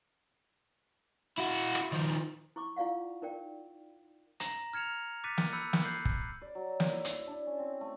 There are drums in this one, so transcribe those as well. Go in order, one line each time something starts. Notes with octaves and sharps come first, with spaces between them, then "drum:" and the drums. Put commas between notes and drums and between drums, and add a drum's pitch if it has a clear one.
E4 F#4
drum: rim click
D#3 F3
E4 C#6 D6
E4 F4 D5 F5 F#5
D#4 A#4 D5 G5
A#5 A#6 E7 F#7, drum: hi-hat
F6 G#6 C#7 E7 F7
D6 F#6 A6 B6 C#7 D#7
drum: snare
B5 E6 F#6 G6 C#7
drum: snare
F#6 G6 C7 F#7
drum: kick
D5
F#3
D5, drum: snare
E4
drum: hi-hat
D4
C#4
C4
A3